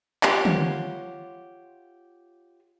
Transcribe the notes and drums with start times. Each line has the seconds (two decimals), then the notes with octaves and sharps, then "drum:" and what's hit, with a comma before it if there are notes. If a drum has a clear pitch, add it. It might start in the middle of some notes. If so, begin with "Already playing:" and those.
0.23 F4 G4 C#5 F#5, drum: clap
0.45 drum: tom